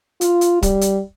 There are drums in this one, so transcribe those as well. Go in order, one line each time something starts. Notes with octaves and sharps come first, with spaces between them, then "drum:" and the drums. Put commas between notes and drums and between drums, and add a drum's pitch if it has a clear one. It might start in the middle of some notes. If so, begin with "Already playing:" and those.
F4, drum: hi-hat
drum: hi-hat
G3, drum: kick C#1, hi-hat
drum: hi-hat